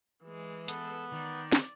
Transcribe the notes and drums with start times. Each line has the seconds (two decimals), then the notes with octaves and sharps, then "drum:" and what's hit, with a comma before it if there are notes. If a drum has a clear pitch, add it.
0.24 E3 G#3
0.68 B3 A4, drum: hi-hat
1.12 D#3 D5
1.52 drum: snare